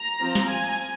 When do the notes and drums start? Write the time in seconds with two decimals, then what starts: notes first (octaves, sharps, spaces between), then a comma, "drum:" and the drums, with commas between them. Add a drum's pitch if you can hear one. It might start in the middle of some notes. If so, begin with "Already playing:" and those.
Already playing: A#5
0.21 F3 C4
0.35 drum: snare
0.49 G#5
0.64 drum: hi-hat